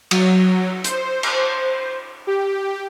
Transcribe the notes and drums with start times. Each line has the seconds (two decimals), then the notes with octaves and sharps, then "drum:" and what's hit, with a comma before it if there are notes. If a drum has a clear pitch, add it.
0.11 F#3, drum: cymbal
0.84 C5, drum: hi-hat
1.23 drum: cymbal
2.27 G4